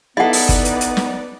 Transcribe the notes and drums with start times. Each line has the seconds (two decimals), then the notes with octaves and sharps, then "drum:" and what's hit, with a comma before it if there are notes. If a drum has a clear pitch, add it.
0.17 B3 D#4 E4 A4 B4 D5 D#5 F#5
0.33 drum: open hi-hat
0.49 drum: kick, hi-hat
0.65 drum: hi-hat
0.81 drum: hi-hat
0.97 drum: snare